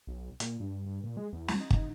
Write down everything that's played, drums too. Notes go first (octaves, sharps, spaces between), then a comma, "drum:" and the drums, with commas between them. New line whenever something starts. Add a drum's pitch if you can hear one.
B1
A#2, drum: hi-hat
G2
G2
A#2
G#3
E2
drum: snare
D#4
drum: kick